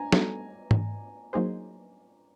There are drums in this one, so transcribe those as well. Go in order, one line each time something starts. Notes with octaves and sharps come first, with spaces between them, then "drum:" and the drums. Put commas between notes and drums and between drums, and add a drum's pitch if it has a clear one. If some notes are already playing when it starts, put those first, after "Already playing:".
Already playing: G#5 A#5
G3 B3 D#4 F#4 A4, drum: snare
drum: tom G#2
F#3 A#3 D#4 G#4 C5